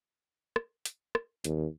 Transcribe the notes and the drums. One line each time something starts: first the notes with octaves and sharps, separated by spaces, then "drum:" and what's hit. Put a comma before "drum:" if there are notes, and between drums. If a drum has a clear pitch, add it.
drum: rim click
drum: hi-hat
drum: rim click
D#2, drum: hi-hat